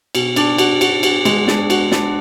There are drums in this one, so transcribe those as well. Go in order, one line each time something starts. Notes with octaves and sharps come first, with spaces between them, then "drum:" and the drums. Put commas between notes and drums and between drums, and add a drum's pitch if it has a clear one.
B2, drum: cymbal
D4, drum: cymbal
F#4, drum: cymbal
F#4, drum: cymbal
F#4, drum: cymbal
G#3, drum: cymbal
D4, drum: snare
F#4, drum: cymbal
D4, drum: snare